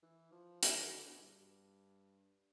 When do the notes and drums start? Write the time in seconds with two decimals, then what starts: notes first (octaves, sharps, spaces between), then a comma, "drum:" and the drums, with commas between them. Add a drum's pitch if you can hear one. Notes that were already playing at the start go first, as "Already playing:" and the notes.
0.03 E3
0.32 F3
0.63 E3, drum: hi-hat
0.78 E3
0.93 D3
1.07 B2
1.22 G2